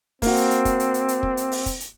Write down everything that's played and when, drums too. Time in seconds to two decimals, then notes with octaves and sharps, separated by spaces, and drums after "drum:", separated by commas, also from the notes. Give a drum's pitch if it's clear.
0.22 A#3 C4 F#4, drum: kick, open hi-hat
0.36 drum: hi-hat
0.51 drum: hi-hat
0.65 drum: kick, hi-hat
0.80 drum: hi-hat
0.94 drum: hi-hat
1.08 drum: hi-hat
1.23 drum: kick
1.37 drum: hi-hat
1.52 drum: open hi-hat
1.66 drum: kick, hi-hat
1.80 drum: hi-hat